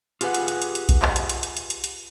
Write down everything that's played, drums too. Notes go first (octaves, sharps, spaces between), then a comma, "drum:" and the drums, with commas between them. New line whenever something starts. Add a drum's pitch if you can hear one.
F4 G4 G#4 A#4 B4 F#5, drum: hi-hat
drum: hi-hat
drum: hi-hat
drum: hi-hat
drum: hi-hat
drum: kick B1, hi-hat
drum: clap
drum: hi-hat
drum: hi-hat
drum: hi-hat
drum: hi-hat
drum: hi-hat
drum: hi-hat